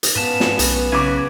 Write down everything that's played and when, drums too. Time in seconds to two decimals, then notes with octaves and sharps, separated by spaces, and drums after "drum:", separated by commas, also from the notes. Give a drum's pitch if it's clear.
0.03 drum: hi-hat
0.15 G#2 B3 C#4 B4 F5 A5
0.40 drum: snare
0.59 B1, drum: hi-hat
0.92 C#3 F#4 B4 G#5 D6